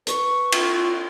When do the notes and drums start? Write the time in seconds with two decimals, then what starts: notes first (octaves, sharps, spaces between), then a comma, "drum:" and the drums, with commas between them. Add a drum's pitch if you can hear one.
0.07 B4 C#6, drum: hi-hat
0.52 F4, drum: cymbal